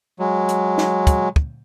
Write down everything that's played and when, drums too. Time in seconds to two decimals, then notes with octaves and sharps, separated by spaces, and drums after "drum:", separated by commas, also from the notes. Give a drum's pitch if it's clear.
0.19 F#3 G#3
0.49 drum: hi-hat
0.78 drum: snare
1.07 drum: kick, hi-hat
1.36 drum: kick